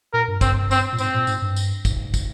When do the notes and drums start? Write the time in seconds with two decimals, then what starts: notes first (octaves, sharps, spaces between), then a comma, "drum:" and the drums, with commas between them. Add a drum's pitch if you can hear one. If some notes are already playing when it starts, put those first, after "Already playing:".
0.13 A#2 A#4
0.28 G2
0.41 G2 C4, drum: kick, tambourine
0.71 C4, drum: tambourine
0.93 A#2
0.98 G#2 C4, drum: tambourine
1.14 A#2
1.27 G#2, drum: tambourine
1.42 G2
1.56 drum: tambourine
1.85 G#2, drum: kick, tambourine
2.14 drum: kick, tambourine